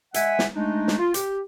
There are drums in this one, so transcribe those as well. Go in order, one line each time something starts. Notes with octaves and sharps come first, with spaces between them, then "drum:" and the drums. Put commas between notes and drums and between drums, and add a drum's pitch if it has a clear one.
G#3 E5 F#5 G#5, drum: hi-hat
drum: snare
G#3 A3 D4 D#4
drum: snare
F4
G4, drum: hi-hat